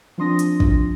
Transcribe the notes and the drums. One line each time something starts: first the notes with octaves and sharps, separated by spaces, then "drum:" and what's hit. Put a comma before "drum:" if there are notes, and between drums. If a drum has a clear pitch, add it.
F3 C4 D4 C6 D#6 A#6
drum: hi-hat
drum: kick